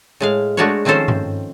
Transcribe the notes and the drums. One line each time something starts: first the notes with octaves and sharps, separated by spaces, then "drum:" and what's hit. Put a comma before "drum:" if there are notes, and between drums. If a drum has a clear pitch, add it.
A2 G#3 F5
G#3 A3 D4 F#4 A#4 C#5
D#3 F3 C4 C#4 A4 C5
drum: tom G2